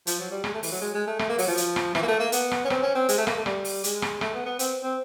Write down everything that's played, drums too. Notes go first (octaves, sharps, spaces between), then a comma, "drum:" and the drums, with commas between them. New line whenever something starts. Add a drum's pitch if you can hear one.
F3, drum: hi-hat
F#3
G3
G#3, drum: rim click
A3
E3, drum: open hi-hat
F#3
G#3
G#3
A3
A3, drum: rim click
A#3
F#3, drum: open hi-hat
F3
drum: hi-hat
drum: rim click
E3, drum: rim click
A#3
A3
A#3
B3, drum: hi-hat
drum: rim click
C#4
C4, drum: rim click
C#4
C4
G#3, drum: hi-hat
A3
A#3, drum: rim click
A3
G3, drum: rim click
drum: open hi-hat
G#3, drum: hi-hat
drum: rim click
A3, drum: rim click
B3
B3
C4, drum: hi-hat
C4